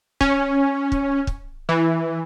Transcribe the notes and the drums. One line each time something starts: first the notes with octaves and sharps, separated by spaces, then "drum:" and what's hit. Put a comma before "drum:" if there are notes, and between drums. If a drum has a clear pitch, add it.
C#4, drum: kick
drum: kick
drum: kick
E3